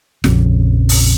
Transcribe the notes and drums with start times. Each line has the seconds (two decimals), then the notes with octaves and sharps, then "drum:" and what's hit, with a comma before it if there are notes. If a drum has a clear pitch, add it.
0.24 A#1 F2 C#3, drum: snare
0.89 drum: open hi-hat